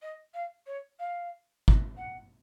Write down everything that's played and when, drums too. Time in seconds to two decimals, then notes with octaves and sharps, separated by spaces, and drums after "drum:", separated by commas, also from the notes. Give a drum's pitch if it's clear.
0.01 D#5
0.33 F5
0.66 C#5
0.99 F5
1.68 drum: kick
1.96 F#5